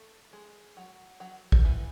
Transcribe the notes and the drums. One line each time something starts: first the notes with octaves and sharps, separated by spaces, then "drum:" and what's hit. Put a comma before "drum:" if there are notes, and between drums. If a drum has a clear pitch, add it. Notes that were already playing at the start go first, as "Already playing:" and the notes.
Already playing: A3
G#3
F#3
F#3
drum: kick
E3